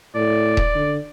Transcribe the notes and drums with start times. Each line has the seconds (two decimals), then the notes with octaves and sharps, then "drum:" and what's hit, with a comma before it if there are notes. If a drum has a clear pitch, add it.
0.15 A2 D5
0.57 drum: kick D#1
0.75 D3